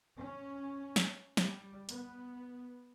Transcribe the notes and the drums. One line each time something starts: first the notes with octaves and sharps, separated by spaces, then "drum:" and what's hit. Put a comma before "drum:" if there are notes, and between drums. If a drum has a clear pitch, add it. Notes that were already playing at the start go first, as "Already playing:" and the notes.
C#4
drum: snare
G3, drum: snare
B3, drum: hi-hat